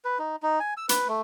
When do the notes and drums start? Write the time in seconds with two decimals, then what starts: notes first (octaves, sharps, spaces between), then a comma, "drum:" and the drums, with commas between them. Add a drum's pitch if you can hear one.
0.05 B4
0.19 D#4
0.43 D#4
0.60 G#5
0.77 E6
0.89 B4, drum: hi-hat
1.08 A3